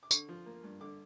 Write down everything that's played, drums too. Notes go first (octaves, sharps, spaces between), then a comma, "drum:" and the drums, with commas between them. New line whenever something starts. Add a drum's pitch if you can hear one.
D6
D3 C#6, drum: tambourine
F3
A#3
G2
D3 D6